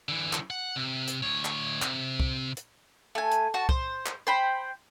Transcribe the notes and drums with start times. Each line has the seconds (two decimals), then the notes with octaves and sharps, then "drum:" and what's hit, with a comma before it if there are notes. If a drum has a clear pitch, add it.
0.09 D3 E3
0.33 drum: clap
0.50 F#5
0.76 C3
1.08 drum: hi-hat
1.23 D2 C#5
1.45 drum: clap
1.82 C3, drum: clap
2.20 drum: kick
2.57 drum: hi-hat
3.15 A3 G#5
3.32 drum: hi-hat
3.54 F#4 A5
3.69 C5, drum: kick
4.06 drum: clap
4.27 C5 G5 B5